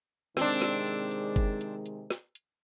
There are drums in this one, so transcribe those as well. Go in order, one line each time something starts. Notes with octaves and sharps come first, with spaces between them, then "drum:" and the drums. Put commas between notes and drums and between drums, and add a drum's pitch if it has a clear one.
C3 D#3 G#3 C4 D4, drum: snare
drum: snare
drum: hi-hat
drum: hi-hat
drum: kick F#1, hi-hat
drum: hi-hat
drum: hi-hat
drum: snare
drum: hi-hat